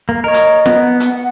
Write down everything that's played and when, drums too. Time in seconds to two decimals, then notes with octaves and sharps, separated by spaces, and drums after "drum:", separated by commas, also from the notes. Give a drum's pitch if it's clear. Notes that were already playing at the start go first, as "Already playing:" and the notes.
0.09 A#3
0.24 A#4 C#5 D#5
0.34 drum: hi-hat
0.66 B3, drum: snare
0.84 F#5
1.00 drum: hi-hat